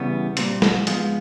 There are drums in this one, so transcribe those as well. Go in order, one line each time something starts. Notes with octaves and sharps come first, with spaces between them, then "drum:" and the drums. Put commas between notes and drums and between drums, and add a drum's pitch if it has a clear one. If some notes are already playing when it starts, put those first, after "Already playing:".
Already playing: E2 C#3 E3 G3 B3
A#2 G3 C4, drum: hi-hat
drum: snare
G#2 F3 G#3 B3, drum: hi-hat